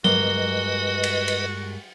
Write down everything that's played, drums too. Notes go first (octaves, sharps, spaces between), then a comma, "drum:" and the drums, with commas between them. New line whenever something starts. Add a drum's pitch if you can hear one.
G2 G#3 A#3 F#4 B4 D#5 G7, drum: tom F#3
drum: cymbal
drum: cymbal